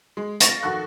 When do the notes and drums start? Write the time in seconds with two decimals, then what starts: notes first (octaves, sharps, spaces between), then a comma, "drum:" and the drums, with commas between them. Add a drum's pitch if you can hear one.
0.17 G#3
0.40 F5 C#6 A6 A#6, drum: hi-hat
0.63 F2 D#3 F#4 A4 C#6 F#6